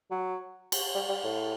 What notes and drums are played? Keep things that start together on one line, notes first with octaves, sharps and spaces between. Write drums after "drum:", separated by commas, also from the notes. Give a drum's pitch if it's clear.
F#3
drum: cymbal
G3
G3
A2